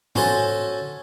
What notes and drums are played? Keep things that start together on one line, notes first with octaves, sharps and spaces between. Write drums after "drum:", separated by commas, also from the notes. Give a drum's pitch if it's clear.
C#4 F#4 A4 C5 G#5 A5, drum: tom G#2